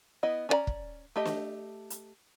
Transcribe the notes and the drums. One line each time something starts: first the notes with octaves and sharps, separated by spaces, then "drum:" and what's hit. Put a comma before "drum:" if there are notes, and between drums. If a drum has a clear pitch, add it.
B3 E4 D#5
C#4 D4 D5 A#5
drum: kick
A3 G4 D#5
drum: snare
drum: hi-hat